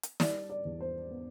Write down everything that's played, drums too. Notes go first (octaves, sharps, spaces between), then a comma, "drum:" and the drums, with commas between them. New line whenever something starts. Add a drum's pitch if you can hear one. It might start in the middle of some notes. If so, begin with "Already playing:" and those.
drum: hi-hat
G3 D5, drum: snare
D5
E2
C5
B3